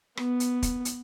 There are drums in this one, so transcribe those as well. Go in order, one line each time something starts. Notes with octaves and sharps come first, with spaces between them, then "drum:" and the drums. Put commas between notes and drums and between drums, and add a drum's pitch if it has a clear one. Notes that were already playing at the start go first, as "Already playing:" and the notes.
B3, drum: rim click
drum: hi-hat
drum: kick, hi-hat
drum: hi-hat